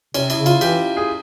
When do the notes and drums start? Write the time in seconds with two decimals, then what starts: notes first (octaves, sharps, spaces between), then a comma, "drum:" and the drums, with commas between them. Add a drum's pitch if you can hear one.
0.14 C3 C#4, drum: cymbal
0.30 E4, drum: cymbal
0.38 C#3
0.46 F4, drum: cymbal
0.61 E3 G4, drum: cymbal
0.97 G#4